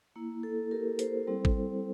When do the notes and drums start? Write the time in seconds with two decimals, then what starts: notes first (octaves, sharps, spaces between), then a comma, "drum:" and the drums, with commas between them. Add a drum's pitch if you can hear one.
0.16 A#3 E4
0.43 A4
0.71 G4 A#4
0.99 A4 C5, drum: hi-hat
1.27 G3 C4 E4
1.45 drum: kick